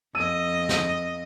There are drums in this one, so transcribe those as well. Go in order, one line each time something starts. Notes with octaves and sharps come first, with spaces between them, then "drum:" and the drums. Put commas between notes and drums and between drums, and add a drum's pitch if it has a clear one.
F2 D#5 E6 D#7
drum: snare